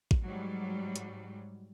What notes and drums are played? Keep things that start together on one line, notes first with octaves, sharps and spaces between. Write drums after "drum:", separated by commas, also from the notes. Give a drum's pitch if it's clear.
drum: kick
G#2 F#3 G3
drum: hi-hat